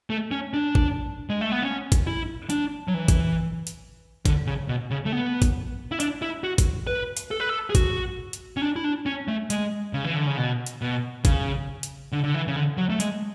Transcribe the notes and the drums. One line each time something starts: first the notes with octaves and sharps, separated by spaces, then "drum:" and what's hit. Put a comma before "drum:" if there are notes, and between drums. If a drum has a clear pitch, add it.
A3
C#4
D4
drum: kick G#1
G#3
A3
B3
C#4
drum: kick G#1, hi-hat
E4
D4, drum: hi-hat
F#3
E3
drum: kick G#1, hi-hat
drum: hi-hat
D3, drum: kick G#1, hi-hat
C#3
B2
C#3
A3
B3
drum: kick G#1, hi-hat
E4
D4, drum: hi-hat
E4
F#4
drum: kick G#1, hi-hat
B4
drum: hi-hat
A4
B4
A4
G#4
F#4, drum: kick G#1, hi-hat
drum: hi-hat
C#4
D4
E4
D4
C#4
A3
G#3, drum: hi-hat
C#3
E3
D3
C#3
B2
drum: hi-hat
B2
C#3, drum: kick G#1, hi-hat
drum: hi-hat
D3
D3
E3
C#3
D3
F#3
A3
G#3, drum: hi-hat